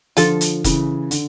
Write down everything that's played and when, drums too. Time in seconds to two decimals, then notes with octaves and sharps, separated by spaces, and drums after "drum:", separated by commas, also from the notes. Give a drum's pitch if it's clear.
0.17 D3 F3 F4 A4, drum: hi-hat
0.41 drum: hi-hat
0.64 C#3 E3, drum: kick F1, hi-hat
1.11 D3, drum: hi-hat